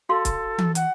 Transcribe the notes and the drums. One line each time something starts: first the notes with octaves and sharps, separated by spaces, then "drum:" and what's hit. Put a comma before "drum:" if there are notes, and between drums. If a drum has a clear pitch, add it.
F#4 A4 F5 C6
drum: kick C#1, hi-hat
drum: tom E3
F#5, drum: hi-hat